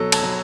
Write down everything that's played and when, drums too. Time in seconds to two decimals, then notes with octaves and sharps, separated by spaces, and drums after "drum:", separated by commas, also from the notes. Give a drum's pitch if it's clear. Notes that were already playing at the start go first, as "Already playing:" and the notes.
Already playing: B2 F#3 A4
0.12 A5, drum: cymbal
0.23 F#3